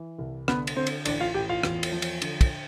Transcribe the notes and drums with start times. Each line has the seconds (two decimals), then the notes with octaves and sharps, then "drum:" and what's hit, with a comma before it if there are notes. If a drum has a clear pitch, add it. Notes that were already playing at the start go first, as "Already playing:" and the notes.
Already playing: E3
0.18 C2
0.48 D3 B3 B4, drum: rim click
0.67 drum: cymbal
0.76 D3 C4 C5
0.87 drum: cymbal
1.05 A1 D4 D5, drum: cymbal
1.20 F4 F5
1.34 A1 G4 G5
1.49 F4 F5
1.63 E2, drum: rim click
1.83 drum: cymbal
1.92 F3
2.02 drum: cymbal
2.22 D3, drum: cymbal
2.41 drum: kick, cymbal